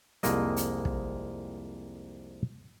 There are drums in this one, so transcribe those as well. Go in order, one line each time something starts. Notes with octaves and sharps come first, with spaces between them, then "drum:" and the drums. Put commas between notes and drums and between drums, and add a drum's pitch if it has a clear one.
C2 F2 G#3 A#3 D#5, drum: hi-hat
drum: hi-hat
drum: kick